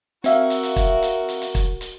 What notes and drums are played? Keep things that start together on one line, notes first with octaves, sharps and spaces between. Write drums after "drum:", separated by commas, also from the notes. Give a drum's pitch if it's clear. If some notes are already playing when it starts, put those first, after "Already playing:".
C4 F#4 A#4 E5 F5, drum: hi-hat
drum: hi-hat
drum: hi-hat
drum: kick, hi-hat
drum: hi-hat
drum: hi-hat
drum: hi-hat
drum: kick, hi-hat
drum: hi-hat